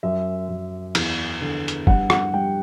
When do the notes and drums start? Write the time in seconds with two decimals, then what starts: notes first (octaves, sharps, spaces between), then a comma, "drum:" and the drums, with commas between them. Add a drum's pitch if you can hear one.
0.03 F#2 E5
0.49 F#2
0.95 E2, drum: cymbal
1.41 D3
1.68 drum: hi-hat
1.87 G2 F#5, drum: kick
2.10 F#5, drum: rim click
2.33 G3 G5